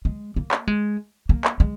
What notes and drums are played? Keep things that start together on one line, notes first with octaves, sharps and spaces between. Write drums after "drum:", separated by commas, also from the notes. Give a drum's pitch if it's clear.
G#3
A#3
drum: clap
G#3
A#3
drum: clap
G#3